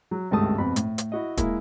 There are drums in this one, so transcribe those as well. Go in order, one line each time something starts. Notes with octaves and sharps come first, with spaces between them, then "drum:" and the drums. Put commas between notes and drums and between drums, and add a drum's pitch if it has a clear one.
F#3
G#1 C#2 G2 A3 A5 D#6
F2 B2 B5
A2, drum: hi-hat
drum: hi-hat
E4 F#4 D#5
G#3 A#3 E4 A#4, drum: kick, hi-hat